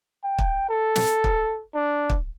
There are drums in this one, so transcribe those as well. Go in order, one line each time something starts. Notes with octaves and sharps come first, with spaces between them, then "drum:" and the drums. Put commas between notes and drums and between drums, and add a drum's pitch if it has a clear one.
G5
drum: kick
A4
drum: snare
drum: kick
D4
drum: kick